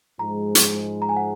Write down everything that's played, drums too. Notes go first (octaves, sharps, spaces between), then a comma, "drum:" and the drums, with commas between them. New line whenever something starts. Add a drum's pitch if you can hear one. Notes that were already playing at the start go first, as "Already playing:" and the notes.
G#2 F3 G#3 A#5
drum: hi-hat
A#5
G#5
F#5